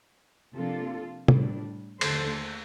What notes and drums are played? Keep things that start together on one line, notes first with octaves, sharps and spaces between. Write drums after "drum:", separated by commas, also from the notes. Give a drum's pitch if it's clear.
C3 F3 A#3 D4 F4 A4
A2 G3 D4, drum: tom C3
D#2 D3 A3 A4 C5, drum: cymbal